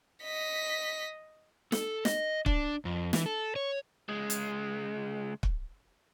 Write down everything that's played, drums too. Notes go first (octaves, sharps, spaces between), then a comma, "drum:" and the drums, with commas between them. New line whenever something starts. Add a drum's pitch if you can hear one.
D#5 B6
A4, drum: snare
D#5, drum: snare
D4, drum: kick
F2
E3, drum: snare
A4
C#5
C#2 G#3
drum: hi-hat
drum: kick